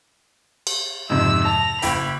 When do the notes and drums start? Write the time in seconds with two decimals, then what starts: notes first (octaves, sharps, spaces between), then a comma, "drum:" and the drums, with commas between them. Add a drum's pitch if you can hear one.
0.67 drum: cymbal
1.10 F2 G#2 C3 E6
1.45 A5 A#6 F7
1.82 F#1 E4 G5 B5, drum: hi-hat